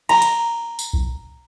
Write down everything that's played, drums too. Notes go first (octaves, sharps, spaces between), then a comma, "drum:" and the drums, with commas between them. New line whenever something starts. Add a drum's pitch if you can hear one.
A#5, drum: cymbal
drum: hi-hat
drum: tambourine
drum: kick B1